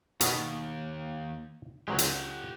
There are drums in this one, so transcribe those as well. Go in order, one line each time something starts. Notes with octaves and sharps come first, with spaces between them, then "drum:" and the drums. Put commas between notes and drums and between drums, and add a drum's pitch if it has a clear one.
D#2 B2 B3, drum: hi-hat
C#2 F#3 G#3 G4 F#5
drum: hi-hat